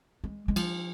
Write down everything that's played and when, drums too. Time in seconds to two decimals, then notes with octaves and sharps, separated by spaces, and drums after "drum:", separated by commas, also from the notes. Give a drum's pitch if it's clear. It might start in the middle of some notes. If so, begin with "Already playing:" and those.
0.24 G#3
0.48 G#3
0.56 F3, drum: cymbal